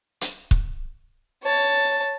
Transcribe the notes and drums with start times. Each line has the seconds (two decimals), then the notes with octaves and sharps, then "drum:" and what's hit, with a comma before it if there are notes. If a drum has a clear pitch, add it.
0.21 drum: hi-hat
0.51 drum: kick
1.44 C#5 A5